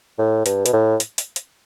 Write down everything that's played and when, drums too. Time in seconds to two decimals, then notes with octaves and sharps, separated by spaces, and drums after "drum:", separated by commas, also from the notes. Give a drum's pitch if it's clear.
0.19 A2
0.46 G2, drum: hi-hat
0.66 B2, drum: hi-hat
0.73 A2
1.00 drum: hi-hat
1.18 drum: hi-hat
1.36 drum: hi-hat